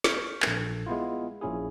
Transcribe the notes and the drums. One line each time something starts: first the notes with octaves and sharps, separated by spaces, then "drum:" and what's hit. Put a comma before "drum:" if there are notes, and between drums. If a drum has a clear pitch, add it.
C#6 F6 G6 G#6 B6, drum: snare
A#1 A4, drum: clap
G#3 B3 E4 F4
A#1 A#2 C#4 E4 G#4